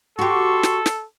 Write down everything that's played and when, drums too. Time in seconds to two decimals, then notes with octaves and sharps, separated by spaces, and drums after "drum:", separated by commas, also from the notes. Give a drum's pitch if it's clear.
0.19 F#4 G4 A4 C6 C#6
0.63 drum: snare
0.86 drum: snare